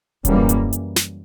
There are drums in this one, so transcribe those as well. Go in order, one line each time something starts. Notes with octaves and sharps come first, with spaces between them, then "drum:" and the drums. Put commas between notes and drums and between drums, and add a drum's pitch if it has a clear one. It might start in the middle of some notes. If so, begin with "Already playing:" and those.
F#2 C#3 E3 G3 A#3, drum: kick D#1, hi-hat
drum: hi-hat
drum: hi-hat
drum: snare